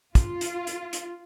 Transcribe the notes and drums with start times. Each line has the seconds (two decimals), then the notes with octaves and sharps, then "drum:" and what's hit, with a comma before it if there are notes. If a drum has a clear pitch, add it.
0.15 F4, drum: kick, hi-hat
0.41 drum: hi-hat
0.67 drum: hi-hat
0.93 drum: hi-hat